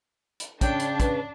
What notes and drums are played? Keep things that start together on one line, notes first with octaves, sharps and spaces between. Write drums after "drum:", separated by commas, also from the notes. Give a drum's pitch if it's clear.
drum: hi-hat
C#3 D4 C#5 G5, drum: kick, hi-hat
drum: hi-hat
B4, drum: kick, hi-hat